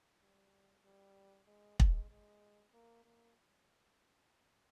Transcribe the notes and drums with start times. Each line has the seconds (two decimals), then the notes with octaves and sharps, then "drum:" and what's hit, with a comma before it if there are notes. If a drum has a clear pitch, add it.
0.21 G3
0.85 G3
1.47 G#3
1.80 G#3, drum: kick
2.10 G#3
2.73 A#3
3.05 A#3